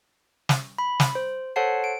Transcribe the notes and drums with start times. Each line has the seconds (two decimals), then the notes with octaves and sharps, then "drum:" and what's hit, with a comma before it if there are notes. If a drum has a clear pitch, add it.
0.49 drum: snare
0.78 B5
1.00 drum: snare
1.15 C5
1.56 A4 C5 C#5 F#5 A5 C7
1.84 D7